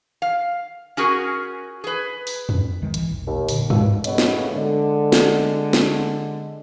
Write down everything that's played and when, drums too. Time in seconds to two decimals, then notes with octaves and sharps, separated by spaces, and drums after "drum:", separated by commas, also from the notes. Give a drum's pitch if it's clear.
0.22 F5
0.97 C#4 F#4 G#4 A#4
1.84 G#4 B4
2.27 drum: open hi-hat
2.49 drum: tom F2
2.81 C2 D#3 G#3
2.94 G#1 E3, drum: hi-hat
3.09 F1 B1
3.27 D#2
3.49 A#2 D3, drum: open hi-hat
3.70 D#1 B2 G#3, drum: tom G2
4.04 F#2 A2 C#3 B3 C#5 D#5, drum: hi-hat
4.18 drum: snare
4.51 D3 G#3
5.12 drum: snare
5.73 drum: snare